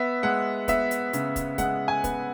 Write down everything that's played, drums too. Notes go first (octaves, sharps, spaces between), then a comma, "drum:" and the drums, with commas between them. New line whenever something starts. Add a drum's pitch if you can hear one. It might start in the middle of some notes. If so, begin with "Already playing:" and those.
Already playing: B3 E5
G#3 F#5
B3 E5, drum: kick, hi-hat
drum: hi-hat
C#3, drum: hi-hat
drum: kick, hi-hat
G#3 F#5, drum: kick, hi-hat
G#5
B3, drum: kick, hi-hat